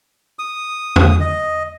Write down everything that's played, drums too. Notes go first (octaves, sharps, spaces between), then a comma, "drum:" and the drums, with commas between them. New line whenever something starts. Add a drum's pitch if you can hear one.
D#6
drum: tom E2
D#5